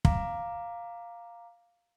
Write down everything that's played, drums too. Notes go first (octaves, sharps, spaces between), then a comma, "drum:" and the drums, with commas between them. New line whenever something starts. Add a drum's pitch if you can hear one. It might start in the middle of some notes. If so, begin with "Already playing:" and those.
F5 A#5 D6, drum: kick